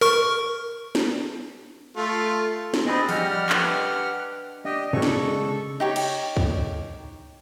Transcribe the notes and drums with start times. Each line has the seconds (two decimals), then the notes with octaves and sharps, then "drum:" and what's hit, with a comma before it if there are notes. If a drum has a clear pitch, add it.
0.01 A#4 C#6
0.95 drum: snare
1.97 A3 F4
2.74 drum: snare
2.86 C4 D4 G#4 D#5 B5
3.09 F3 G3 G4 D#5 F#5 F6, drum: open hi-hat
3.49 D4 B4 D#5, drum: clap
4.65 D4 G4 D#5
4.93 C#3 G#3 A4 C#6
5.02 drum: snare
5.80 D#4 G4 C#5
5.96 drum: cymbal
6.37 drum: kick